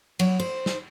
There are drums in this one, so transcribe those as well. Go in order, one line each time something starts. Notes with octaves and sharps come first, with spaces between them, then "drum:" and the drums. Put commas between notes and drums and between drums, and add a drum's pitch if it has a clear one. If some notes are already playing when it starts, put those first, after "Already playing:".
F#3, drum: cymbal
C5
drum: snare